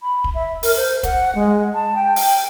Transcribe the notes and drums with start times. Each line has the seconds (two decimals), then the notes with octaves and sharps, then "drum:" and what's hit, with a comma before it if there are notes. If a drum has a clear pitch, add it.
0.02 B5
0.24 drum: kick
0.35 E5
0.63 A#4, drum: open hi-hat
0.77 C5
1.03 F#5, drum: kick, hi-hat
1.35 G#3
1.74 A5
1.95 G5
2.16 drum: open hi-hat